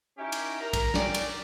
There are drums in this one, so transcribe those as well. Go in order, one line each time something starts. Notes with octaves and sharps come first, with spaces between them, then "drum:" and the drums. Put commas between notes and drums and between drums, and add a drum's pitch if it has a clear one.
C#4 D#4 E4 G4
drum: cymbal
A#4 A#5
drum: kick A#1, cymbal
C#4 G4 D5, drum: snare
drum: cymbal